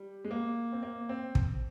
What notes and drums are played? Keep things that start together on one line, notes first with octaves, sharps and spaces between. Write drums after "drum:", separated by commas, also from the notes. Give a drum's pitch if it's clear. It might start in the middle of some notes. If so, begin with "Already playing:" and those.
Already playing: G3
G#3
A#3
C4
A#3
C4
drum: kick